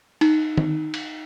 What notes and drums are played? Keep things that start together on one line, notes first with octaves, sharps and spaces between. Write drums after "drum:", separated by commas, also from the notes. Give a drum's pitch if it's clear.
D#4, drum: cymbal
drum: tom D#3
drum: cymbal